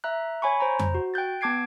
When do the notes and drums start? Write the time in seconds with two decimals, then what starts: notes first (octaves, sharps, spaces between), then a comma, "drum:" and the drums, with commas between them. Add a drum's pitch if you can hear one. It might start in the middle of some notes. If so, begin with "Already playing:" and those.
0.04 E5 A#5 F#6
0.42 C#5 G#5 B5 C#6
0.60 C5 A#5
0.79 drum: tom F2
0.94 F#4
1.14 G5 F#6 G6 A6
1.41 B3 A5 D6 G#6 C7 D7